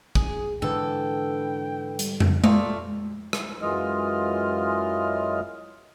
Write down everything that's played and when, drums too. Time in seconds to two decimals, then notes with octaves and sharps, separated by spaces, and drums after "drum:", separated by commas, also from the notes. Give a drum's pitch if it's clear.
0.15 G#4, drum: kick
0.62 G#2 D3 E3 D4 A4 B4 G5
1.99 G3, drum: hi-hat
2.20 drum: tom F2
2.44 A#2 A3 D5 F5 C6 D#6, drum: tom G#3
3.33 drum: rim click
3.62 F#2 E3 G#3 F4 D#5 F6